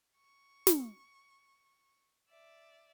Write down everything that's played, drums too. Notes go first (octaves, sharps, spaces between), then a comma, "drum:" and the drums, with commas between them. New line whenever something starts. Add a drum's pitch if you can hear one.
C#6
drum: snare
D5 E5